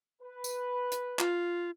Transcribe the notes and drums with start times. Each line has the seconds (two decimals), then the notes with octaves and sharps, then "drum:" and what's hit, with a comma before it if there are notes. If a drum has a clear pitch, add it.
0.22 B4
0.44 drum: tambourine
0.92 drum: hi-hat
1.19 F4, drum: clap